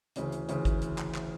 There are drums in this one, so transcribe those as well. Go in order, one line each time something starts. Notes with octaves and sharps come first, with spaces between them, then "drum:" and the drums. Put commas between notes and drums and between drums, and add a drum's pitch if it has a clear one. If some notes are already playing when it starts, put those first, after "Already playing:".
D2 C#3 E3, drum: hi-hat
drum: hi-hat
D2 C#3 E3, drum: hi-hat
drum: kick, hi-hat
drum: hi-hat
drum: clap
drum: clap